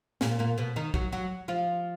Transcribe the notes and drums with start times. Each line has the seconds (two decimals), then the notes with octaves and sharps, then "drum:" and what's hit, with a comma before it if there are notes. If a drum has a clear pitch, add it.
0.21 A#2 A#3, drum: snare
0.39 A#2 A#3
0.58 B2 B3
0.76 D#3 D#4
0.94 F#3 F#4, drum: kick
1.12 F#3 F#4
1.48 F3 F4